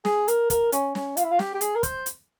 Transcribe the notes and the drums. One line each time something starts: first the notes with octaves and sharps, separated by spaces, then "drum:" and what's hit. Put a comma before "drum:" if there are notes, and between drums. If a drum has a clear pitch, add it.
G#4, drum: snare
A#4, drum: hi-hat
A#4, drum: kick, hi-hat
C#4, drum: hi-hat
C#4, drum: snare
F4, drum: hi-hat
E4
F4
G4, drum: snare
G4
G#4, drum: hi-hat
A#4
C5, drum: kick, hi-hat
drum: hi-hat